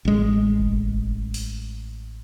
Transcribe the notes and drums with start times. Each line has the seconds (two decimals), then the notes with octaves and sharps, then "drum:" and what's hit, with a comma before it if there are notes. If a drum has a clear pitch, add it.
0.05 A1 G#3
0.60 drum: kick F#1
1.34 drum: open hi-hat